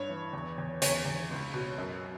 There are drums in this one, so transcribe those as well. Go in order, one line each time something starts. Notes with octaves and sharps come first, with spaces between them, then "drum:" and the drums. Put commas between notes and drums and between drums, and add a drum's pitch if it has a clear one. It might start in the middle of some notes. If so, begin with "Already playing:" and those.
Already playing: G2 C#5
E3
E2
E2
E2 C#5, drum: hi-hat
E2
C#2
B2
F#2